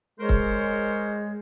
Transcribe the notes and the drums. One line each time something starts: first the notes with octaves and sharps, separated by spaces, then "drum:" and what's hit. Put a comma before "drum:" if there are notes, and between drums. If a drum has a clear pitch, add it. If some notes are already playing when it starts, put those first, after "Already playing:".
G#3 A#4 C5 C#5
drum: kick